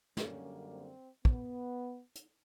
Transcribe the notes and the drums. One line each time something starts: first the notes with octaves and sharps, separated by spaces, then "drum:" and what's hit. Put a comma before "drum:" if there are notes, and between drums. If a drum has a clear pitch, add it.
F#2 D3 G3 A#3 C#4, drum: snare
C4
B3, drum: kick
drum: hi-hat